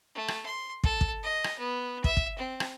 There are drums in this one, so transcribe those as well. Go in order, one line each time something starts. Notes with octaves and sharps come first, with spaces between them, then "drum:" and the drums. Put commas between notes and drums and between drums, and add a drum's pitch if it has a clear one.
A3
drum: rim click
C6
A4, drum: kick
drum: kick
D#5
drum: rim click
B3
E5, drum: kick
drum: kick
C4
drum: rim click